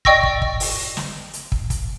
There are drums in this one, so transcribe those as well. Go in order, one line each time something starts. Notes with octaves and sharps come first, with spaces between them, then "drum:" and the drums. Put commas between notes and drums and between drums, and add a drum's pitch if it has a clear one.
D5 D#5 G5 C#6 E6 A#6, drum: kick
drum: kick
drum: kick
drum: open hi-hat
drum: snare
drum: hi-hat
drum: kick
drum: kick, hi-hat